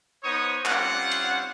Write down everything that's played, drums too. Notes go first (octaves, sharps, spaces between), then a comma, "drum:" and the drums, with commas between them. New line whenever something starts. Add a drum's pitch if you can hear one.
B3 D#4 C5 C#5 C#6 D#6
G3 C4 C#4 F4 F#5, drum: clap
drum: cymbal